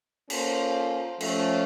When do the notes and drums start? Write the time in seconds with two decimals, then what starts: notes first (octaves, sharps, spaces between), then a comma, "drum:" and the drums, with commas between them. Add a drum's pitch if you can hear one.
0.30 A#3 C#4 F4 A4 C5, drum: cymbal
1.20 F3 A3 C#4, drum: cymbal